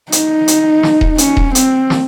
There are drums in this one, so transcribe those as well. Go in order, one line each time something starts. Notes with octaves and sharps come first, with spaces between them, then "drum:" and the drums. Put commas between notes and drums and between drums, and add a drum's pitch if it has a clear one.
D#4, drum: hi-hat
drum: hi-hat
drum: snare
drum: kick D#1
C#4, drum: hi-hat
drum: kick D#1
C4, drum: hi-hat
drum: snare